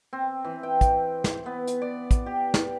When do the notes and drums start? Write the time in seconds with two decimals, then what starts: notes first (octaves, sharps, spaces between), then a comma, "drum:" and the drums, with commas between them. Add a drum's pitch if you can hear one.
0.13 C4
0.45 E3
0.63 G5
0.81 drum: kick, hi-hat
1.24 drum: snare
1.46 B3
1.67 drum: hi-hat
1.82 D5
2.11 drum: kick, hi-hat
2.26 G4
2.54 drum: snare